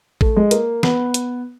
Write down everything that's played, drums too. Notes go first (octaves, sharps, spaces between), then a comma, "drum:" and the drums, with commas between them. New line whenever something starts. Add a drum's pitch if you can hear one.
A3, drum: kick
G#3
A#3, drum: hi-hat
B3, drum: snare
drum: hi-hat